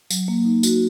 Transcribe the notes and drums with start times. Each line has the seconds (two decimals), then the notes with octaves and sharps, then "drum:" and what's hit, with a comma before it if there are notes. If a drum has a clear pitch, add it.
0.11 F#3, drum: tambourine
0.28 A#3
0.45 D#4
0.63 F#4, drum: tambourine